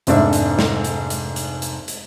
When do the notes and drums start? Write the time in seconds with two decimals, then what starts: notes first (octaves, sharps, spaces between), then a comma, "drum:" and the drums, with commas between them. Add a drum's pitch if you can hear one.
0.07 F1 G#2 D4 E5, drum: hi-hat
0.33 drum: hi-hat
0.59 drum: snare
0.84 drum: hi-hat
1.10 drum: hi-hat
1.36 drum: hi-hat
1.62 drum: hi-hat
1.88 drum: hi-hat